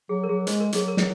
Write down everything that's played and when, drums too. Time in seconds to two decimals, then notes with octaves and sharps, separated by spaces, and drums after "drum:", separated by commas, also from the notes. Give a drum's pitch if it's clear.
0.09 F#3 G#4
0.23 A#4
0.29 F#3 G#4
0.47 G#3 C5, drum: hi-hat
0.60 A#4
0.72 F#3 G#4, drum: hi-hat
0.88 A#4
0.97 F#3, drum: snare